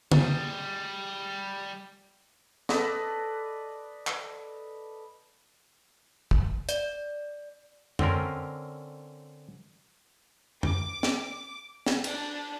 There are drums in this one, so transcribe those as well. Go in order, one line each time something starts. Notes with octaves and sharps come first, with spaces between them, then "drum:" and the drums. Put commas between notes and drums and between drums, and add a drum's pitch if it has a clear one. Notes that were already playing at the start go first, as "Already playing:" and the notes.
G3 G#4, drum: tom
A4 B4 D5 D#5, drum: snare
drum: clap
drum: kick
D5, drum: hi-hat
D3 C4 C#4 A#4, drum: tom F2
D6, drum: tom F2
drum: snare
drum: snare
D4, drum: cymbal